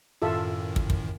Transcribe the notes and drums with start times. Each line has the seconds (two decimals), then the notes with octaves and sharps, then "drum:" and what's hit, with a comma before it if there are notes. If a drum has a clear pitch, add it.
0.22 F#2 A2 D#3 F4 A4 E5
0.76 drum: kick
0.90 drum: kick